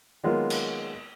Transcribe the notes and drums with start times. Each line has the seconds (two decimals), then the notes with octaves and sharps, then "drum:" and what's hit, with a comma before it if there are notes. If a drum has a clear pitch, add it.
0.24 D#3 F#3 G#3 A#3 B3 F4
0.50 drum: cymbal